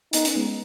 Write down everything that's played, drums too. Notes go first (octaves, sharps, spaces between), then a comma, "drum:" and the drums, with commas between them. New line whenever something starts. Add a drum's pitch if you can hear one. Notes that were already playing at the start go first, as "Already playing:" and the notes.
B3 D#4, drum: hi-hat
C#4, drum: hi-hat
G#3 B3